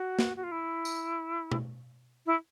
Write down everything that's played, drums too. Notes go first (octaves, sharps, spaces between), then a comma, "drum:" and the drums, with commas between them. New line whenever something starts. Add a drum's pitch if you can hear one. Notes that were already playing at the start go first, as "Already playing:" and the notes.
Already playing: F#4
drum: snare
F#4
F4
E4
drum: tambourine
drum: tom B2
E4